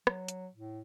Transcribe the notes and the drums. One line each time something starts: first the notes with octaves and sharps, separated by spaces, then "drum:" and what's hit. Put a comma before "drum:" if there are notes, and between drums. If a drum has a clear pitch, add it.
F#3, drum: rim click
drum: hi-hat
A2